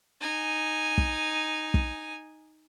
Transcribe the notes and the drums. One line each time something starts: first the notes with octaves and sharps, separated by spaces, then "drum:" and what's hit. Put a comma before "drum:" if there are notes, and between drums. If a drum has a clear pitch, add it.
D#4 G#5
drum: kick
drum: kick